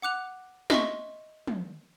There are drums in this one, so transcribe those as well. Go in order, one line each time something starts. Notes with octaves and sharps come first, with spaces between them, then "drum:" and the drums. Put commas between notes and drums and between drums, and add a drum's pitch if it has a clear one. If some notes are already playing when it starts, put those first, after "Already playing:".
F#5 D6 F#6 F7
D#5 E5 C6 C#6, drum: snare
drum: tom